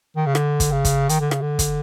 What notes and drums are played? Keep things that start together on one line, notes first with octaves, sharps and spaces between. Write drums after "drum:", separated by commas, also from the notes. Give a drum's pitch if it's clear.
D#3
C#3
D3, drum: rim click
drum: kick, hi-hat
C#3
drum: kick, hi-hat
D#3, drum: hi-hat
D3
C#3, drum: rim click
D3
drum: kick, hi-hat